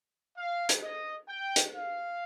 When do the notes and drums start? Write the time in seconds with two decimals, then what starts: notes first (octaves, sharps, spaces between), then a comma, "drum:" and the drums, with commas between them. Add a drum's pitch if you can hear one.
0.36 F5
0.69 drum: hi-hat
0.82 D#5
1.28 G5
1.56 drum: hi-hat
1.74 F5